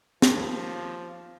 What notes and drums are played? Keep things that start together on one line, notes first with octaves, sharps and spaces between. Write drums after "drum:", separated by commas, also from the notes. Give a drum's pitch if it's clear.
D#2 F3, drum: snare